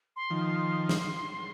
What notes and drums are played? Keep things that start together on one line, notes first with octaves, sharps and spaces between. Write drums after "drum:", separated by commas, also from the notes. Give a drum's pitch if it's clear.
C6
D#3 F3
C6
drum: snare